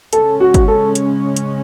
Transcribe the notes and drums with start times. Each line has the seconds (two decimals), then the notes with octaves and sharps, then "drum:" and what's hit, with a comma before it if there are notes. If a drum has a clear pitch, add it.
0.13 C#3 G#3 C#4 A4, drum: hi-hat
0.40 F#4
0.54 drum: kick, hi-hat
0.68 A4
0.95 drum: hi-hat
1.37 drum: hi-hat